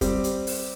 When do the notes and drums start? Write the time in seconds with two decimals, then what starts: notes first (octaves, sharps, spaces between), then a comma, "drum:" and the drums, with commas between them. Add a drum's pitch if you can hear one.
0.01 G3 C4 G4, drum: kick, hi-hat
0.24 drum: hi-hat
0.47 drum: open hi-hat